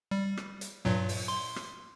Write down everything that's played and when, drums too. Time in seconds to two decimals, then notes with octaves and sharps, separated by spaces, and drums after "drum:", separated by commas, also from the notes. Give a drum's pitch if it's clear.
0.11 G3
0.37 drum: rim click
0.61 drum: hi-hat
0.85 G2 A#2 F#3
1.09 drum: open hi-hat
1.28 C6
1.56 drum: rim click